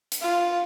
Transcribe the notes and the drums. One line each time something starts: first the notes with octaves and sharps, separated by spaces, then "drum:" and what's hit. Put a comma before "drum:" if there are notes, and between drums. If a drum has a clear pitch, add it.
drum: hi-hat
F4